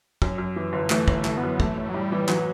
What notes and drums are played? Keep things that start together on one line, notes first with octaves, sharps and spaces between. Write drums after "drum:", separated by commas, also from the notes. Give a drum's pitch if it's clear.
F#2, drum: kick
F#2
E3
G1
E3 A3, drum: clap
G1, drum: kick
A3
E3, drum: clap
B3
F#2
E3 A3, drum: kick
A2
F#3
A2 G3
E3
E3 F#3, drum: clap